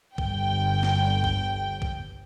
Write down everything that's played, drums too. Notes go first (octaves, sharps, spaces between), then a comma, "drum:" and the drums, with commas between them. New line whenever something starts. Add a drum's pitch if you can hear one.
G1 G5, drum: kick
drum: snare
drum: kick
drum: kick